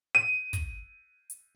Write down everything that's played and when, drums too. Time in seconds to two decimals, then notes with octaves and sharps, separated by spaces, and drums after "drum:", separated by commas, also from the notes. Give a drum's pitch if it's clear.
0.15 D#7
0.53 drum: kick, hi-hat
1.30 drum: hi-hat